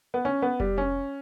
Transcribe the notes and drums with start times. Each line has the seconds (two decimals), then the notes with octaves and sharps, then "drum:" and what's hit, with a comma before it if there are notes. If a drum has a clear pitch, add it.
0.14 B3
0.25 C#4
0.42 B3
0.60 G3, drum: kick F1
0.78 C#4